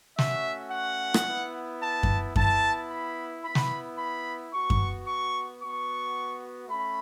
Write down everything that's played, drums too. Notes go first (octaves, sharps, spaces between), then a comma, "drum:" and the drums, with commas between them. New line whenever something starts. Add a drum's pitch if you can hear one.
A3 C#4 F#4 E5, drum: snare
F#5
drum: rim click
B3 E4
A5
drum: kick F#2
B3 E4 A5, drum: kick F#2
B5
B3 E4 B5
drum: snare
B5
B3 F#4 C#6
drum: kick F#2
C#6
B3 F#4 C#6
A3 C#4 B5